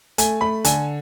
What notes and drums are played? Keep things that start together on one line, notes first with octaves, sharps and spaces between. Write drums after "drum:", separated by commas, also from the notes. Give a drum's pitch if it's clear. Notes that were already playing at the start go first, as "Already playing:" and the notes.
A3 G#5, drum: hi-hat
A3 B5
D3 G#5, drum: hi-hat